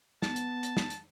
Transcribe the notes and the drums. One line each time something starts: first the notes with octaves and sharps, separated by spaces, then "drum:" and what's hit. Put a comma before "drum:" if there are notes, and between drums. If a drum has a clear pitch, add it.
B3 A5, drum: snare
drum: hi-hat
drum: hi-hat
drum: snare
drum: hi-hat